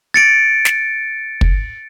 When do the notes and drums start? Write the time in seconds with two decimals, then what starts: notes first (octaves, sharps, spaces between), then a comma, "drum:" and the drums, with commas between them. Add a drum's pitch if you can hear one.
0.14 A6 C#7 D7
0.65 drum: snare
1.41 drum: kick